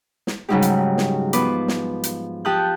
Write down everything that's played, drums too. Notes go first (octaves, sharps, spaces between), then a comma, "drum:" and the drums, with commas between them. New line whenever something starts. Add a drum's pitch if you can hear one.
drum: snare
G#2 C#3 F#3 G3 D#4 G4
drum: hi-hat
drum: snare
F3 B3 B4 D6, drum: hi-hat
drum: snare
drum: hi-hat
F3 G4 A5 D#6 F#6 G6